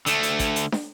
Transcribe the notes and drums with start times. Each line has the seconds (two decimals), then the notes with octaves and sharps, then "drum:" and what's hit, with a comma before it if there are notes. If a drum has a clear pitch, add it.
0.06 D3 A3, drum: hi-hat
0.23 drum: hi-hat
0.39 drum: kick, hi-hat
0.56 drum: hi-hat
0.72 drum: snare